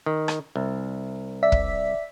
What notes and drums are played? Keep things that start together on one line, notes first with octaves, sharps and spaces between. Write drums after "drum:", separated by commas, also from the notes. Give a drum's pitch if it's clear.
D#3
drum: rim click
C2
D5 E5 B6
drum: kick